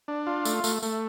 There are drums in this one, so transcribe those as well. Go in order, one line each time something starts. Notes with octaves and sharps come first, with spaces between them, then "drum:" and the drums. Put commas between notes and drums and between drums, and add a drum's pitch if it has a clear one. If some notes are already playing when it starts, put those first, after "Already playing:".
D4
F4
A3, drum: tambourine
A3, drum: tambourine
A3, drum: tambourine